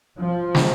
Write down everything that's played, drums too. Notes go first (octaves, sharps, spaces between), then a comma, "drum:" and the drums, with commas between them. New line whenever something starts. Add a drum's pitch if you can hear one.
F3
drum: snare